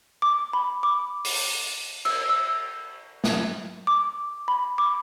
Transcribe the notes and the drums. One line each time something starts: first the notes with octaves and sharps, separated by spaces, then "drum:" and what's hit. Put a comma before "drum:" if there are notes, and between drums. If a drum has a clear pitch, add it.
D6
B5
D6
drum: open hi-hat
E6, drum: cymbal
E6
drum: snare
D6
B5
D6